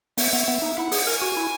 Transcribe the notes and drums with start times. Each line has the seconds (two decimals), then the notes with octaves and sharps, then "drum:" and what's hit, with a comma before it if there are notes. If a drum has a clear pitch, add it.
0.18 B3 E5, drum: open hi-hat
0.33 B3
0.48 B3
0.62 D#4
0.77 E4 F#5
0.92 G#4, drum: open hi-hat
1.06 A#4 G#5
1.22 F#4
1.37 E4